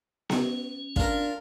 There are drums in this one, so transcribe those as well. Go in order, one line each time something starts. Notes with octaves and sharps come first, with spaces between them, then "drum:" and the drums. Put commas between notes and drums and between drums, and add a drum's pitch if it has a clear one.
C#4, drum: snare B3
D4 F4 A#4, drum: kick